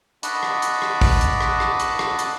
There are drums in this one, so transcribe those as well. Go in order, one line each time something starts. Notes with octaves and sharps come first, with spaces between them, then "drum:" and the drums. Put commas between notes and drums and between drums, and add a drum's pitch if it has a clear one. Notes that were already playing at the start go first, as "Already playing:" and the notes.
D#5 F#5 A5 B5 C#6 D6, drum: hi-hat
drum: rim click
drum: hi-hat
drum: rim click
drum: kick A1, open hi-hat
drum: hi-hat
drum: rim click
drum: rim click
drum: hi-hat
drum: rim click
drum: hi-hat